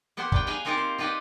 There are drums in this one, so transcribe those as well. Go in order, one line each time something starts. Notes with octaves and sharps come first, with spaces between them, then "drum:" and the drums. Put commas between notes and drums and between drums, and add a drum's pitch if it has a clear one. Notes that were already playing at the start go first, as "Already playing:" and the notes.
A#3 B3 G4 C5 F#5
G3 B4 G5, drum: kick
G#4 B4 D#5 F5 G5 G#5
A#3 C4 D#4 F4 G4 A#4
C5
D#4 F4 G4 B4 D5 D#5